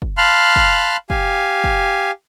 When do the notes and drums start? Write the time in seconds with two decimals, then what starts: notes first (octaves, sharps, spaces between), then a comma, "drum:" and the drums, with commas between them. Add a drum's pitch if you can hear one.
0.02 drum: kick
0.18 F5 A5 B5 C6 F6 F#6
0.56 drum: kick
1.10 G4 F5 G#5, drum: kick
1.64 drum: kick